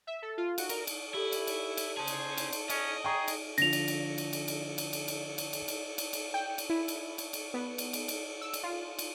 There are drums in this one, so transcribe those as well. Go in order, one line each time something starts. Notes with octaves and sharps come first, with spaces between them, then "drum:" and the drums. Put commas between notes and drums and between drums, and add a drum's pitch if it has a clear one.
E5
A4
F4
F#4, drum: cymbal
A#4, drum: cymbal
drum: cymbal
E4 G4 A4
drum: cymbal
drum: cymbal
drum: cymbal
C#4 G#4 C5 A5
drum: cymbal
drum: cymbal
drum: cymbal
C#4 D#5, drum: cymbal
G#4 G5 A#5 C#6
drum: cymbal
D3 F3 A#6 F7, drum: cymbal
drum: cymbal
drum: cymbal
drum: cymbal
drum: cymbal
drum: cymbal
drum: cymbal
drum: cymbal
drum: cymbal
drum: cymbal
drum: cymbal
drum: cymbal
drum: cymbal
drum: cymbal
G5
drum: cymbal
E4
drum: cymbal
drum: cymbal
drum: cymbal
B3
drum: cymbal
drum: cymbal
drum: cymbal
E6
drum: cymbal
F4
drum: cymbal